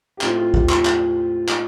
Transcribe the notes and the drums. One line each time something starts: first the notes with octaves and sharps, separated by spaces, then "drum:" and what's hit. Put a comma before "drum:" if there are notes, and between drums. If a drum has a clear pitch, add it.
G4
A2 A3 C4 F4, drum: clap
F4
G4, drum: kick
F4, drum: clap
drum: clap
drum: clap